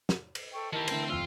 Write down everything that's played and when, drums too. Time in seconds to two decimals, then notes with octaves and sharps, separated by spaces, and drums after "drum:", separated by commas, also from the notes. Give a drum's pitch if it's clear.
0.09 drum: snare
0.35 drum: cymbal
0.53 A4 G5 C#6
0.73 D#3 E4 G4 A#4 A5
0.88 D3 E3 A3 C5 G5, drum: cymbal
1.10 D#1 F2 F4 E6